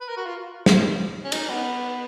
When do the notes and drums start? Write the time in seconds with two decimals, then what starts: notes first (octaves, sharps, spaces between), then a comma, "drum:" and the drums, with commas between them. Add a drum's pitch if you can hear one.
0.01 B4
0.09 A#4
0.17 F#4
0.25 F4
0.66 drum: snare
1.24 C#4
1.32 D#4, drum: cymbal
1.49 B3